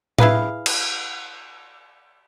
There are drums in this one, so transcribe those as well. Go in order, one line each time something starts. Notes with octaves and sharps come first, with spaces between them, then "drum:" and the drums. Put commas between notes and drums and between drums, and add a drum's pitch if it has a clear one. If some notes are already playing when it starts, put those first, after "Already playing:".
E4 G#4 B4 F5, drum: tom A2
drum: cymbal